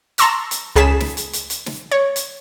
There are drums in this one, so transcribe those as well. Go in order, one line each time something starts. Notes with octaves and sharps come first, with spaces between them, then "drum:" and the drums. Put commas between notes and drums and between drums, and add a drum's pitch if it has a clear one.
A5 A#5 C6 C#6 E6 A#6, drum: hi-hat
drum: hi-hat
C#2 G#4 A5 B6 E7
drum: snare
drum: hi-hat
drum: hi-hat
drum: hi-hat
drum: snare
C#5
drum: hi-hat